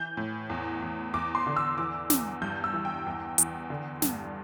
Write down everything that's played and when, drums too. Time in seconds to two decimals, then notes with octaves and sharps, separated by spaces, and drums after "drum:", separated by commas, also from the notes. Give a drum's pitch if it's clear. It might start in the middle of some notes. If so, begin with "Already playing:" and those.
Already playing: E3 G6
0.17 A2
0.50 E2
0.82 E2
1.14 E2 D6
1.35 C6
1.47 D3
1.56 E6
1.78 E3 D6
2.10 E2, drum: snare
2.42 G2 G6
2.64 E6
2.73 E3
2.85 G5
3.07 E2
3.38 E2, drum: hi-hat
3.70 D3
4.02 G2, drum: snare